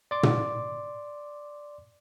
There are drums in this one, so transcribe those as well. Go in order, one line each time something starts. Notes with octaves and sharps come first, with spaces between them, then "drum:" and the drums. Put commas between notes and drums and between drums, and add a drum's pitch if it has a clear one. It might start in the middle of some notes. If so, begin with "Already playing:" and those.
D5 C6 D6
drum: tom